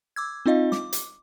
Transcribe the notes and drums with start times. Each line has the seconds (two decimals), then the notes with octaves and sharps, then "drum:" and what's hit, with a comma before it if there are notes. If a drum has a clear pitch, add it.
0.16 D6 E6 G#6
0.46 C4 D#4 F4 D#5 F5
0.72 D6, drum: snare
0.93 drum: hi-hat